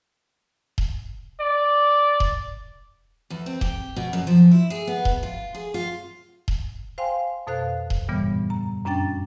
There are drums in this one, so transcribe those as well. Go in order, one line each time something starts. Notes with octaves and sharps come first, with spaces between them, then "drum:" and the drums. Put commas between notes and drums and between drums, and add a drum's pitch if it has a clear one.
drum: kick D#1
D5
drum: kick D#1
E2
C4
G4, drum: kick D#1
B2
F#2
F3
E4
G#4
B3
drum: kick D#1
F4
G#4
F4
drum: kick D#1
C5 F5 G5 G#5 C6
F2 B2 A4 C5 F5 F#6
drum: kick D#1
G2 A#2 C#3 E3 G3 B3
A#5
F#2 C#4 D4 G5 A6